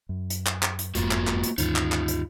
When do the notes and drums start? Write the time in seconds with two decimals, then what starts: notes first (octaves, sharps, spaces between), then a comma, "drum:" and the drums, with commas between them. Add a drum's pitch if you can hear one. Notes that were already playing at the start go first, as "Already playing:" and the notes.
0.09 F#2
0.30 drum: hi-hat
0.47 drum: clap
0.63 drum: clap
0.79 drum: hi-hat
0.95 F#1 F2 G#2 A#3 F4 F#4, drum: hi-hat
1.11 drum: clap
1.27 drum: clap
1.43 drum: hi-hat
1.58 D2 G2 D#3 D#4 F4, drum: hi-hat
1.76 drum: clap
1.92 drum: clap
2.08 drum: hi-hat